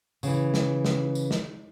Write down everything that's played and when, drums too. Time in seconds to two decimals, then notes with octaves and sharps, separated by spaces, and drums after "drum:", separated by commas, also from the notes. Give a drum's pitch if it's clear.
0.23 C#3 E3, drum: tambourine
0.54 drum: snare
0.85 drum: snare
1.15 drum: tambourine
1.31 drum: snare